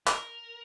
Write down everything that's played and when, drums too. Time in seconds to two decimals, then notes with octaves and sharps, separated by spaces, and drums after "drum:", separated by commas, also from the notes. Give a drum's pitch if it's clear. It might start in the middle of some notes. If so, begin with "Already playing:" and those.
0.07 A#4, drum: clap